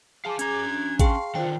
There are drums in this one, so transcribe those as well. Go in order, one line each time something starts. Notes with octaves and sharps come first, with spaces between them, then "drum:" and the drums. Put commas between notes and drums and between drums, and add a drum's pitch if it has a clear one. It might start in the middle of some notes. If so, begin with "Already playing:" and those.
G#4 F5 G#5 A5 D6
C#4 A#5 G#6, drum: hi-hat
D4
G#4 F5 G5 A5 C6 C#6, drum: kick A1, hi-hat
D3 D#3 D4 F4 C5 G5